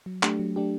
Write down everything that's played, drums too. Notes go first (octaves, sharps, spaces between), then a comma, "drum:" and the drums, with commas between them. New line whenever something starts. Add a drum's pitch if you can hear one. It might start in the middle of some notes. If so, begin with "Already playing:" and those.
F#3
A3 D4 G4, drum: clap
F#3
A3 D4 G4